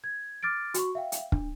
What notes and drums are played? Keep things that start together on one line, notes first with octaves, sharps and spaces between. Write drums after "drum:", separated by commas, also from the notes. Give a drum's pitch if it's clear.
G#6
D6 F6 A6 D7
F#4 C#6, drum: hi-hat
E5 F5 G5
drum: hi-hat
D4, drum: kick